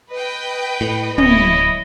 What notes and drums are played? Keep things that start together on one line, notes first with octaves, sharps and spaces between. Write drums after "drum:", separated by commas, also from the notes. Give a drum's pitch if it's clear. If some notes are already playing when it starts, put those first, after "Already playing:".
B4 D#5 G5
A2
D1 E4 C#5 D#5, drum: tom